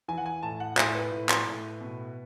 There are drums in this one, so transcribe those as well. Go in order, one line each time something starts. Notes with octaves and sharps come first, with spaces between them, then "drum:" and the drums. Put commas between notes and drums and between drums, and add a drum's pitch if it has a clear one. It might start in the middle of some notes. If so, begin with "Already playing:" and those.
E3 G#5
F#5
G#5
A2 A5
F#5
A2 E5, drum: clap
B4
A2
drum: clap
A2
B2